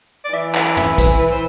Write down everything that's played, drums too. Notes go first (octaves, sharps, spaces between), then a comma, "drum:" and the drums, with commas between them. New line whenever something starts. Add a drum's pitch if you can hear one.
D5
E3 E5
F#5, drum: clap
E5, drum: tom
B4
C5, drum: kick, tambourine
B4
C5